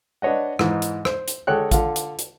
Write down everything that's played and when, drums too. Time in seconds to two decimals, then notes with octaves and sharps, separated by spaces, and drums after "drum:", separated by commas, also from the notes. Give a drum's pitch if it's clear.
0.22 D4 B4 C#5 D#5 F#5
0.59 G#2 E3 D#4, drum: rim click
0.82 drum: hi-hat
1.05 C5, drum: rim click
1.28 drum: hi-hat
1.47 D3 G#3 A4 C#5 G5 F#6
1.71 D3 F4, drum: kick A1, hi-hat
1.96 drum: hi-hat
2.19 drum: hi-hat